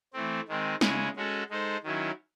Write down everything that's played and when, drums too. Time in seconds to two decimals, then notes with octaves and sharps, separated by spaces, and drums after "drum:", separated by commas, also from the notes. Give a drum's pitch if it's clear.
0.13 E3 A3 C4
0.48 D#3 G#3 C4
0.81 C#3 G#3 C#4 E4 G#4, drum: snare
1.16 G#3 C#4 F#4 A4
1.50 G#3 D#4 A4 C5
1.83 D#3 F#3 C#4 E4